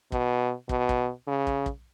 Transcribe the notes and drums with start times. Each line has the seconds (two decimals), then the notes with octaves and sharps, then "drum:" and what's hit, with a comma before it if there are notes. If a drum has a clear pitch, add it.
0.12 B2, drum: kick
0.69 B2, drum: kick
0.89 drum: kick
1.27 C#3
1.47 drum: kick
1.66 drum: kick